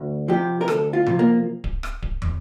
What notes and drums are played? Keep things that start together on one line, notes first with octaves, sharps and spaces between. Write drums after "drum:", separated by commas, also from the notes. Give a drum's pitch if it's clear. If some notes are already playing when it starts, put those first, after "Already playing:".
Already playing: D2
C3 F3 G4
A#4
D2 A4, drum: rim click
F4
C3 F3, drum: tom C3
A#3
drum: kick D1
drum: rim click
drum: kick D1
drum: tom